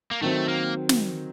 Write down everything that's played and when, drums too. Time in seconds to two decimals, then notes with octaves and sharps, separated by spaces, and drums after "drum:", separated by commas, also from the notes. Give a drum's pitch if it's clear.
0.11 A#3
0.21 D#3 F#3 A3 C4
0.48 A#3
0.89 drum: snare